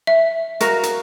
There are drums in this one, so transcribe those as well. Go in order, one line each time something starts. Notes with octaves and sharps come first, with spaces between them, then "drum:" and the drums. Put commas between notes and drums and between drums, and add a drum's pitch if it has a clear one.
E5
F#4 A#4 F5, drum: hi-hat
drum: hi-hat